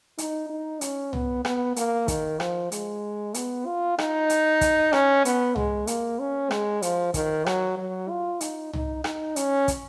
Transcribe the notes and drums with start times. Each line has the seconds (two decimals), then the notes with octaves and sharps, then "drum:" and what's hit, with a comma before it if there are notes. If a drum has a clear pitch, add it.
0.18 D#4, drum: hi-hat
0.50 D#4
0.81 C#4, drum: hi-hat
1.13 B3, drum: tom
1.45 B3, drum: rim click
1.76 A#3, drum: hi-hat
2.08 D#3, drum: kick, hi-hat
2.40 F3, drum: rim click
2.72 G#3, drum: hi-hat
3.34 B3, drum: hi-hat
3.66 F4
3.98 D#4, drum: rim click
4.30 drum: hi-hat
4.61 drum: kick, hi-hat
4.93 C#4, drum: rim click
5.25 B3, drum: hi-hat
5.56 G#3, drum: tom
5.87 A#3, drum: hi-hat
6.19 C#4
6.51 G#3, drum: rim click
6.82 F3, drum: hi-hat
7.14 D#3, drum: kick, hi-hat
7.46 F#3, drum: rim click
7.77 F#3
8.09 F4
8.41 D#4, drum: hi-hat
8.73 D#4, drum: tom
9.04 D#4, drum: rim click
9.36 C#4, drum: hi-hat
9.68 drum: kick, hi-hat